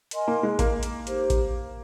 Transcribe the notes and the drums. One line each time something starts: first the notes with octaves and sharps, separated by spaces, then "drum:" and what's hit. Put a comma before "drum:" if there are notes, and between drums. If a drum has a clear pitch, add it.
A#4 D#5 G#5 C6, drum: hi-hat
A#3
G#3
A#3, drum: kick A1, hi-hat
drum: hi-hat
D#4 G4 C5, drum: hi-hat
drum: kick A1, hi-hat